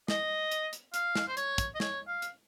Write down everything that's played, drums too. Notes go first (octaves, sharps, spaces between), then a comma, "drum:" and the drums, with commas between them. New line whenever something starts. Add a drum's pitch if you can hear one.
D#5, drum: snare
drum: hi-hat
drum: hi-hat
F5, drum: hi-hat
drum: snare
C5
C#5, drum: hi-hat
drum: kick, hi-hat
D#5
C#5, drum: snare
F5
drum: hi-hat